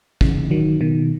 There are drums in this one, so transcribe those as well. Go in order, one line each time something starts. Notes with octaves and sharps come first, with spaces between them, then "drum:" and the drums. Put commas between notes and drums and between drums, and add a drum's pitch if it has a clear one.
C#3 E3, drum: kick
D#3 F#3
B2 D#3